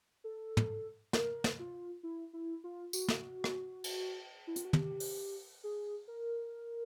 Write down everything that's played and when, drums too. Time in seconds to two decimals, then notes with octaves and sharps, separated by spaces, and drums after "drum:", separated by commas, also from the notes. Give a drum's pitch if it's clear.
0.24 A4
0.57 drum: tom
1.13 A#4, drum: snare
1.44 drum: snare
1.59 F4
2.03 E4
2.33 E4
2.64 F4
2.93 F#4, drum: tambourine
3.08 drum: snare
3.44 drum: rim click
3.84 drum: cymbal
4.47 E4
4.56 F4, drum: hi-hat
4.65 F#4
4.73 G4, drum: tom
5.00 drum: open hi-hat
5.64 G#4
6.08 A#4